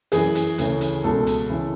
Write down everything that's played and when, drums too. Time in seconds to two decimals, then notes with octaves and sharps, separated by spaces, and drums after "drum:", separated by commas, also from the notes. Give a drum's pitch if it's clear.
0.12 F#2 E3 G#4, drum: hi-hat
0.35 drum: hi-hat
0.58 D2 C#3 E3, drum: hi-hat
0.81 drum: hi-hat
1.04 C#2 B2 A4
1.27 drum: hi-hat
1.49 C#3 E3